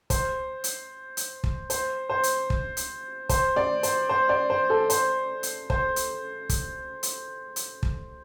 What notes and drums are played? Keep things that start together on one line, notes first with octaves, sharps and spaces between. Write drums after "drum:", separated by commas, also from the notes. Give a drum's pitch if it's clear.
C5, drum: kick, hi-hat
drum: hi-hat
drum: hi-hat
drum: kick
C5, drum: hi-hat
C5
drum: hi-hat
drum: kick
drum: hi-hat
C5, drum: kick, hi-hat
D5
C5, drum: hi-hat
C5
D5
C5
A4
C5, drum: hi-hat
drum: hi-hat
C5, drum: kick
drum: hi-hat
drum: kick, hi-hat
drum: hi-hat
drum: hi-hat
drum: kick